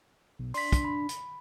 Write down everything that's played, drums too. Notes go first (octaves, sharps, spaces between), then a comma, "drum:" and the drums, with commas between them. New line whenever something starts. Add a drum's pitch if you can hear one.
B1
D4 C6 B6, drum: open hi-hat
drum: kick, hi-hat
B5
drum: hi-hat